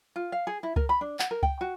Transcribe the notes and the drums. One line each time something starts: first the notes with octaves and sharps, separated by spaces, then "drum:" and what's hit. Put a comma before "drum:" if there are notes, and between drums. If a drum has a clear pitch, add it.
F4
F5
G#4
E4
A#4, drum: kick C#2
B5
D4
F#5, drum: clap
A#4
G5, drum: kick C#2
F#4